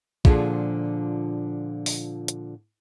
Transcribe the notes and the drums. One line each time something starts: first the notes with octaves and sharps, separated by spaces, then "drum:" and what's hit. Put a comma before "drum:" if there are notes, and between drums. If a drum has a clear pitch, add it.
A#2 D3 F3 D4 G#4, drum: kick
drum: open hi-hat
drum: hi-hat